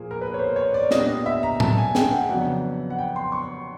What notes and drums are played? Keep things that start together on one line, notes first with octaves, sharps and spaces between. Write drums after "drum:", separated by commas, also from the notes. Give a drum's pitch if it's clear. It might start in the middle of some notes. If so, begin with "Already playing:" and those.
Already playing: A#2 F3 A#3 G#4
A#4
B4
C#5
C5
C#5
D5
A#2 G3 B3 D4 D#5, drum: snare
D#5
E5
A#5
A5, drum: tom A2
G#5
G5, drum: snare
F#5
F2 C#3 F#3 B3 D4 F#5
F#5
G5
C6
C#6